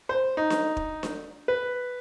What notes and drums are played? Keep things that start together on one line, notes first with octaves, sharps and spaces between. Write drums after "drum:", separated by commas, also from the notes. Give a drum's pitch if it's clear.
C5
D#4
drum: snare D4
drum: kick
drum: snare D4
B4